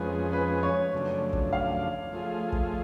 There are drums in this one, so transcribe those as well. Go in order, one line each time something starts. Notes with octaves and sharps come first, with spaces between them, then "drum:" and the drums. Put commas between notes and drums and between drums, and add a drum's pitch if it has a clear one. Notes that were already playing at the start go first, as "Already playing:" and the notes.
Already playing: F2 F3 G#3 C#4 G#4 B4
B4
C#5
F#2 C#3 F3 A3 D4
drum: kick
F5
F3 A3 F4 G#4
drum: kick